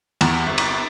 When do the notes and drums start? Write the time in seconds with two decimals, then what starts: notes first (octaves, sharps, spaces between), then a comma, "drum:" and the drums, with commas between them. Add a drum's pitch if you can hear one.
0.21 E2, drum: cymbal
0.47 G1
0.58 drum: cymbal